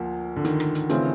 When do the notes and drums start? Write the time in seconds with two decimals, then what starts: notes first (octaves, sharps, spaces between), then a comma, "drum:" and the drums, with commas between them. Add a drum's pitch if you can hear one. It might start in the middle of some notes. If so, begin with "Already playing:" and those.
Already playing: D2 F3 A#3
0.36 D3
0.45 D#3, drum: hi-hat
0.60 drum: rim click
0.75 drum: hi-hat
0.90 C#3 E3 A3 C4 F4, drum: hi-hat